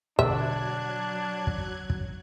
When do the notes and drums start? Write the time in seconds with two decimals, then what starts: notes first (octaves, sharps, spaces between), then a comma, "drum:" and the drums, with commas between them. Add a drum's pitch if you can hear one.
0.19 B2 D3 F#3 D4 E5 F#6 G#6, drum: kick
1.47 drum: kick
1.90 drum: kick